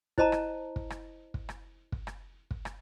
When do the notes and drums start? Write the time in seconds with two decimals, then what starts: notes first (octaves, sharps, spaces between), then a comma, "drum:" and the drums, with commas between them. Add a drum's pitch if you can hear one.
0.18 E4 C5 D#5 A5 A#5, drum: kick
0.32 drum: rim click
0.76 drum: kick
0.90 drum: rim click
1.34 drum: kick
1.49 drum: rim click
1.92 drum: kick
2.07 drum: rim click
2.51 drum: kick
2.65 drum: rim click